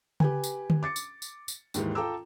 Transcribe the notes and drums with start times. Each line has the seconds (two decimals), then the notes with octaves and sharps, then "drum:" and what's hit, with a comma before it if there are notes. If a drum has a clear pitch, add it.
0.20 G4 B4 G#5, drum: tom C#3
0.44 drum: tambourine
0.70 drum: tom D3
0.83 D6 A6 C#7
0.96 drum: tambourine
1.22 drum: tambourine
1.48 drum: tambourine
1.74 D#2 G#2 D#3 E3, drum: tambourine
1.95 F4 A4 G5 A#5 D6 E6